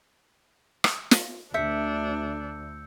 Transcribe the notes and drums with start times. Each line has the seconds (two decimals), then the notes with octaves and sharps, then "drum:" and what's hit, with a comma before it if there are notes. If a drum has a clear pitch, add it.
0.84 drum: rim click
1.11 drum: snare
1.54 D2 D4 E5 E6 G6 C#7